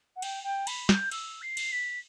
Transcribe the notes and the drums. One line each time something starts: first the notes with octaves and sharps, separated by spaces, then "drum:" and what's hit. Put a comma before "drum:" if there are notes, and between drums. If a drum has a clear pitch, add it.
F#5
G5, drum: cymbal
G5
B5, drum: cymbal
G6, drum: snare
E6, drum: cymbal
C7
drum: cymbal
B6